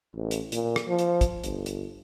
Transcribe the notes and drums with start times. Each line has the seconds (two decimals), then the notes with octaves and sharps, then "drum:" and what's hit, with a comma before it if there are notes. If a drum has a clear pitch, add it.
0.15 A1
0.31 drum: hi-hat
0.52 A#2, drum: hi-hat
0.76 drum: rim click
0.88 F3
0.99 drum: hi-hat
1.21 drum: kick, hi-hat
1.44 G1, drum: hi-hat
1.66 drum: hi-hat